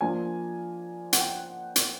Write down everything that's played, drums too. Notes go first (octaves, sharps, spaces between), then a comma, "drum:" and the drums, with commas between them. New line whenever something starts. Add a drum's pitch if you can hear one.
F3 A#3 D4 G#5
F#5, drum: hi-hat
G5
drum: hi-hat